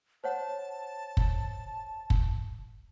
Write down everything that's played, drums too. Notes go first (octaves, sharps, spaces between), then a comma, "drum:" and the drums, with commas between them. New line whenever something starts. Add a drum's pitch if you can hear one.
C5 C#5 F#5 A5
drum: kick
drum: kick